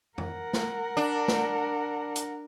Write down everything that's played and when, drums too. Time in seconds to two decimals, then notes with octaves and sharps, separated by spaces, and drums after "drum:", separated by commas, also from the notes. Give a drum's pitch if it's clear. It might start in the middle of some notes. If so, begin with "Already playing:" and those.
0.18 A#4 F#5, drum: tom F2
0.53 drum: snare
0.97 D4
1.28 drum: snare
2.16 drum: hi-hat